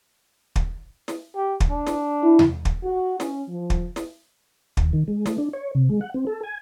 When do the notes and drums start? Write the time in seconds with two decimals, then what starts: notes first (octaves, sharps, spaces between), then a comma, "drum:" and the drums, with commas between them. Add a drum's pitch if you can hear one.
0.56 drum: kick
1.08 drum: snare
1.36 G4
1.60 drum: kick
1.70 D4
1.87 drum: snare
2.23 E4
2.39 drum: tom E2
2.65 drum: kick
2.84 F#4
3.20 C#4, drum: snare
3.49 F3
3.70 drum: kick
3.96 drum: snare
4.77 D#2, drum: kick
4.93 D#3
5.08 G#3
5.26 A3, drum: snare
5.38 D4
5.53 C#5
5.75 C3
5.89 G#3
6.01 F#5
6.14 C4
6.27 A4
6.43 G#5